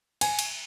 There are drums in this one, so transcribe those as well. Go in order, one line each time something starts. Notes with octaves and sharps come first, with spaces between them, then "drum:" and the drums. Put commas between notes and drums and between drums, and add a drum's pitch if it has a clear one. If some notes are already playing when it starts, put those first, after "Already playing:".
G#5, drum: cymbal
drum: cymbal